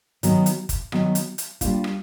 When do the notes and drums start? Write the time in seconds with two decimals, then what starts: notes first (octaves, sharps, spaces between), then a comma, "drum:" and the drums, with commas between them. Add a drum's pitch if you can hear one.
0.23 D#3 F#3 B3, drum: hi-hat
0.46 drum: hi-hat
0.69 drum: kick G1, hi-hat
0.92 D#3 F#3 B3, drum: rim click
1.15 drum: hi-hat
1.38 drum: hi-hat
1.61 G3 A#3 D4 F4, drum: kick G1, hi-hat
1.84 drum: rim click